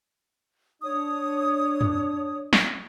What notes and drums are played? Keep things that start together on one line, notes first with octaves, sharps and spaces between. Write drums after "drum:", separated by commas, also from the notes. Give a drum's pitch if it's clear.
D4 C#5 D#6
drum: tom F2
drum: snare